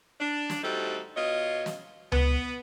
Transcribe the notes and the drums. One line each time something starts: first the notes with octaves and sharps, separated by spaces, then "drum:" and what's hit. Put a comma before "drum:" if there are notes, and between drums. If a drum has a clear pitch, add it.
D4
drum: snare
G3 A3 C4 D#4 F#4 A4
B2 F4 C#5 D#5
drum: snare
B3, drum: tom C#2